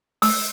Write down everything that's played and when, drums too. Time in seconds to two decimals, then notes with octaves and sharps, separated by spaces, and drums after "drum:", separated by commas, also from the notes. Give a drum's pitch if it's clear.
0.22 E6, drum: open hi-hat